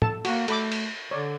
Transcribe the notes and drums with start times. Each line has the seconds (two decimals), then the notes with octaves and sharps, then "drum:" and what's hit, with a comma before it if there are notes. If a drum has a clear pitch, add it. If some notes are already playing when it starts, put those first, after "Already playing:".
0.02 A4 A5, drum: tom
0.25 A#3 F#4, drum: cymbal
0.48 A3 A4 B5 D6, drum: cymbal
0.72 drum: cymbal
1.11 D3 C#5 D5